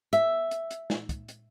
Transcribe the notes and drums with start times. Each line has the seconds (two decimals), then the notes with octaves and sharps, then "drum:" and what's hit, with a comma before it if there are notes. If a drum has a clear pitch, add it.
0.13 E5, drum: hi-hat
0.51 drum: hi-hat
0.71 drum: hi-hat
0.90 drum: snare
1.09 drum: kick, hi-hat
1.28 drum: hi-hat